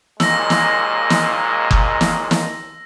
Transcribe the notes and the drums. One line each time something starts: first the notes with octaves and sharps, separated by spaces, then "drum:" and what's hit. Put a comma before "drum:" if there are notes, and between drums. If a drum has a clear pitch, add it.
D#2 A#2 G#3 E6 A#6, drum: snare
drum: snare
drum: snare
drum: kick F#1
drum: snare
drum: snare